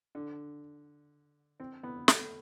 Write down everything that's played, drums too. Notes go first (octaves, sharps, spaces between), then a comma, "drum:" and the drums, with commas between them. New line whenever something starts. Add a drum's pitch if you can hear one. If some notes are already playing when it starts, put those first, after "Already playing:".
D3
C4
B3
A3, drum: snare